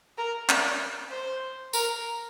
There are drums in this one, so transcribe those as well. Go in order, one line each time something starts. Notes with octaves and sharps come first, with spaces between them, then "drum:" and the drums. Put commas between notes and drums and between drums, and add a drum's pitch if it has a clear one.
A#4
D5, drum: clap
C5
A#4, drum: tambourine